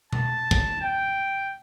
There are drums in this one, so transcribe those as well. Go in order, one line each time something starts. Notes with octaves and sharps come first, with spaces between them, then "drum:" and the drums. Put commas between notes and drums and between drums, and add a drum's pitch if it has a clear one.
A5, drum: tom B2
drum: kick
G5